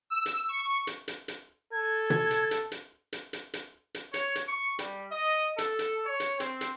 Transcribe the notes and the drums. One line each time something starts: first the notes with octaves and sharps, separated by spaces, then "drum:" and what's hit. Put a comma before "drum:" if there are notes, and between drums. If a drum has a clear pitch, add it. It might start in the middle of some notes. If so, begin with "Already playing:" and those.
E6
drum: hi-hat
C#6
drum: hi-hat
drum: hi-hat
drum: hi-hat
A4 G#6
drum: tom B2
drum: hi-hat
drum: hi-hat
drum: hi-hat
drum: hi-hat
drum: hi-hat
drum: hi-hat
drum: hi-hat
C#5, drum: hi-hat
drum: hi-hat
C#6
G3, drum: hi-hat
D#5
A4, drum: hi-hat
drum: hi-hat
C#5
drum: hi-hat
C4, drum: hi-hat
drum: hi-hat